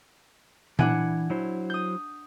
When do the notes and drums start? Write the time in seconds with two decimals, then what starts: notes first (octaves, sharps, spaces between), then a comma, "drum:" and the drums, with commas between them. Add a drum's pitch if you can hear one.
0.79 E3 D4 E4 F#5 G#5, drum: tom A#2
1.30 F#3 E4 C5
1.70 D#6 G6